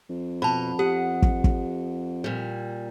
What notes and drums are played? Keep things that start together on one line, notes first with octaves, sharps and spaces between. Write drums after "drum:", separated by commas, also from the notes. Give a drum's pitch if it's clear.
F2
B2 A5 B5
G4 F#5
drum: kick
drum: kick
A#2 G3